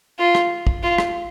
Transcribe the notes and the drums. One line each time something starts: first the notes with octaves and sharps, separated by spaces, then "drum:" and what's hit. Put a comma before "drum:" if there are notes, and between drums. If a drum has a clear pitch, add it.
F4
drum: rim click
drum: kick
F4
drum: rim click